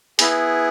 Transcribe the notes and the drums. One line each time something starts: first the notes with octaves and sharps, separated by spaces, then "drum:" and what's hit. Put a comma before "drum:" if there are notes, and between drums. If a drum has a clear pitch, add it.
B3 E4 G#4, drum: hi-hat